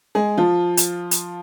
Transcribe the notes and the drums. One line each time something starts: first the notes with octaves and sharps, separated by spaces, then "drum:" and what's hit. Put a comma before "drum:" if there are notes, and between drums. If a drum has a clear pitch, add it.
G#3 G#4
F3 F4
drum: hi-hat
drum: hi-hat